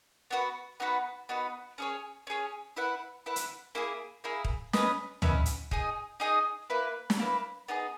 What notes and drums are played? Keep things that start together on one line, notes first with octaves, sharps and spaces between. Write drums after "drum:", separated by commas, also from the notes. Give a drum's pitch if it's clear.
B3 F#4 B4
B3 D#4 F#4 B4
B3 D#4 F#4 B4
C#4 G#4 C#5
C#4 G#4 C#5
E4 B4 F#5
E4 B4 F#5
drum: hi-hat
A#3 E4 G#4
A#3 E4 G#4
drum: kick
C#4 E4 B4 D#5, drum: snare
C#4 E4 B4 D#5, drum: tom
drum: hi-hat
D#4 G#4 D#5 G#5, drum: kick
D#4 G#4 D#5 G#5
A#3 E4 B4
drum: snare
A#3 E4 B4
B3 D#4 G#4 D#5